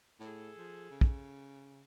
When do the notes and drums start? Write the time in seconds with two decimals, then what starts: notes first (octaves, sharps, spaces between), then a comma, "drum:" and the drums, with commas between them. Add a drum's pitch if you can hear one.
0.19 A2 G#4 A4
0.58 F3
0.91 C#3
1.01 drum: kick